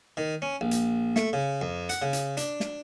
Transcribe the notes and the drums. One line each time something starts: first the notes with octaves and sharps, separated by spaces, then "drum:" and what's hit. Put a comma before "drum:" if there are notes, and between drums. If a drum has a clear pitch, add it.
D#3
C#4
A#1
drum: hi-hat
A3, drum: snare
C#3
F2
F#5, drum: hi-hat
C#3
drum: hi-hat
D4, drum: hi-hat
drum: snare